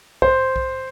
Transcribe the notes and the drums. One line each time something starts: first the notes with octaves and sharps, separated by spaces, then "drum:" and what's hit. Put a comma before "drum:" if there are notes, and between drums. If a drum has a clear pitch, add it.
C5, drum: kick B1
drum: kick B1